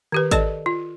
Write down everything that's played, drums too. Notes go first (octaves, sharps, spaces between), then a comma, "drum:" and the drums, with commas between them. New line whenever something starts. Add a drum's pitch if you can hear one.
D#3 G4 B4
A4 D5 D#5 A5, drum: kick G#1, hi-hat
F4